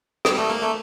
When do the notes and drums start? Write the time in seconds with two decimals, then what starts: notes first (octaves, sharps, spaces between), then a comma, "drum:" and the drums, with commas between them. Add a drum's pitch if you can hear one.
0.25 G3, drum: rim click
0.38 A3
0.50 A#3
0.62 A3